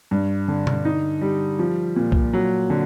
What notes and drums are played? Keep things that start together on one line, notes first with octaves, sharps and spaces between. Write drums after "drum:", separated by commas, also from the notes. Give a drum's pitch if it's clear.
G2
D3
drum: tom
D#4
G3
F3
A#2
drum: kick B1
F#3
D3